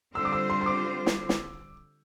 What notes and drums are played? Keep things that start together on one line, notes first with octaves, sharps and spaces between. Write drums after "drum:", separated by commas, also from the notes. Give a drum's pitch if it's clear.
D3 G3 C4 F4 C5 E6
D6
E6
C6
C6
D6
drum: snare
drum: snare